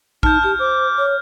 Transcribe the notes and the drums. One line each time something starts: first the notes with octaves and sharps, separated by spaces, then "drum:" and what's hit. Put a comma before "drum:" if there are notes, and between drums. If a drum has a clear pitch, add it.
D#4 A5 F6 G6, drum: kick A#1
G4 F6
C5 D6
C#5